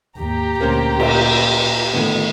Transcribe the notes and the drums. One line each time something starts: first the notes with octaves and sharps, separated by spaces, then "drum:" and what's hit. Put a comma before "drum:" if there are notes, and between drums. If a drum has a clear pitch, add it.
D#2 G#2 G4 A#5
D2 A#2 A#3 C#4 C5
A#2, drum: cymbal
A2 D3 D#3 A3 B3